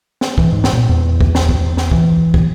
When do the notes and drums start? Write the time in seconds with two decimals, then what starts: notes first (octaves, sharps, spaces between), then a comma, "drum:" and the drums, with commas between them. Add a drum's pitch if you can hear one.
0.21 drum: snare
0.38 E3, drum: kick
0.52 G#2
0.64 drum: snare
0.73 A#2
0.89 E2
1.21 drum: kick
1.35 drum: snare
1.49 drum: kick
1.77 drum: snare
1.91 E3, drum: kick
2.34 drum: kick